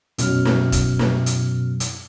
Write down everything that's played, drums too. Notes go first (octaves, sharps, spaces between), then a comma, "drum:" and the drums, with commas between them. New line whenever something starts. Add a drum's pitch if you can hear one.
F#2 B2 F#3 F6, drum: hi-hat
drum: snare
drum: kick E1, hi-hat
drum: snare
drum: hi-hat
drum: hi-hat